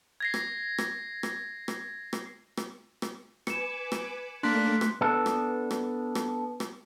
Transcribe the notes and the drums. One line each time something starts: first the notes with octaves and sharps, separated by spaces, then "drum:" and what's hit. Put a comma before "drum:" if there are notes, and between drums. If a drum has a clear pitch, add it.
G#6 A#6 C7
drum: rim click
drum: rim click
drum: rim click
drum: rim click
drum: rim click
drum: rim click
drum: rim click
B4 G#5 D6 C#7 E7, drum: rim click
drum: rim click
A3 A#3 D4 C6 F#6 B6
drum: rim click
B3 D4 A4
drum: rim click
drum: rim click
drum: rim click
drum: rim click